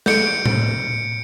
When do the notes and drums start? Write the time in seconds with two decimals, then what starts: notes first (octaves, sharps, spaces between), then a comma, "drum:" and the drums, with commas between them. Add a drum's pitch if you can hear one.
0.06 G6 C#7 D7, drum: snare
0.46 drum: tom A2